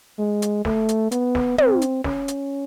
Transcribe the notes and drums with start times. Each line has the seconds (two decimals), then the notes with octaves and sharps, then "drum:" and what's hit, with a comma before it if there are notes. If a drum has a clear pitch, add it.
0.19 G#3
0.42 drum: hi-hat
0.65 A3, drum: snare
0.89 drum: hi-hat
1.11 B3, drum: hi-hat
1.35 drum: snare
1.58 C4, drum: tom
1.82 drum: hi-hat
2.04 C#4, drum: snare
2.28 drum: hi-hat